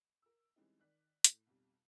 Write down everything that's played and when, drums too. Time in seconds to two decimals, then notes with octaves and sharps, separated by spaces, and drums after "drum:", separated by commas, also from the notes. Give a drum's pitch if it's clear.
0.22 A#4 E6
0.56 E3 G3 G#3 C4 C#4 D#4
0.79 D#3 D5 F#6 B6
1.24 A2, drum: hi-hat
1.47 B1 F2 G3